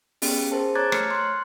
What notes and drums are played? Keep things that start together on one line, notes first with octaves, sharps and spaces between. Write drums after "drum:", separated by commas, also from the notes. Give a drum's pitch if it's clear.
B3 C#4 G4 G#4, drum: open hi-hat
G#4 A#4 C5 A5
C#5 A#5 D6 F#6 G#6 A6
A3 C#5 F6 C#7, drum: rim click
C6 F#6